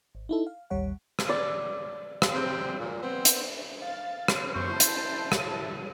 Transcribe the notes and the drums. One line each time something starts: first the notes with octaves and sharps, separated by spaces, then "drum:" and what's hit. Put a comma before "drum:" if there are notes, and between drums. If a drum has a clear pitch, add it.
G#1
D#4 E4 A4
F5
A1 D#2 G3 C#5 F#5
drum: rim click
D5
drum: rim click
C3 C4
A#2
B3 C4
drum: hi-hat
F5 A6
drum: rim click
F#2 B3 C5 C#6
E4 A5
drum: hi-hat
drum: rim click